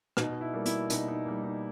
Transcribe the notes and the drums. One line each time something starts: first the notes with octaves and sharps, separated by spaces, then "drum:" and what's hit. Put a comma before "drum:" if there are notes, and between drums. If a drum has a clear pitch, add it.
B2 D#4, drum: rim click
E4
G3 A#3
E4, drum: hi-hat
B2 D#4, drum: hi-hat
D#4
G3 A#3
D#4